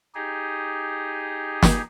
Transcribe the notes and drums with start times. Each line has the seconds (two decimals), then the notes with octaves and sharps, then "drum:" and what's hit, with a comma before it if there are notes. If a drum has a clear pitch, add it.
0.15 D#4 G4 G#4
1.63 drum: snare